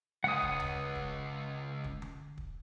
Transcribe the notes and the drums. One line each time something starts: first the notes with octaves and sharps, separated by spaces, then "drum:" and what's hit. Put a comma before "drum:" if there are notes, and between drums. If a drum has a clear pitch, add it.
C#2 F#5 D#6
drum: kick
drum: tom D2
drum: kick
drum: kick
drum: tom D3
drum: kick